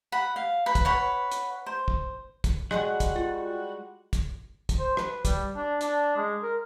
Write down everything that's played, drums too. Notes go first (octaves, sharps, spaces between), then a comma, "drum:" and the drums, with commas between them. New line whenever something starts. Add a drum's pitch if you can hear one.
F#5 B5
F5
B4
drum: kick, hi-hat
B4 C#5 F#5
drum: hi-hat
C5
drum: kick
drum: kick, hi-hat
G3 G#3 F#4 F#5, drum: rim click
drum: kick, hi-hat
F4
drum: kick, hi-hat
drum: kick, hi-hat
C5
B4, drum: rim click
G3, drum: kick, hi-hat
D4
D4, drum: hi-hat
G#3
A#4